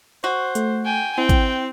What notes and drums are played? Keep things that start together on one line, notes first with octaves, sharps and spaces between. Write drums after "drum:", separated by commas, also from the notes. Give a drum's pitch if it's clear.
F#4 C5
A3, drum: hi-hat
G5 G#5
C4 E4 G5
drum: kick, hi-hat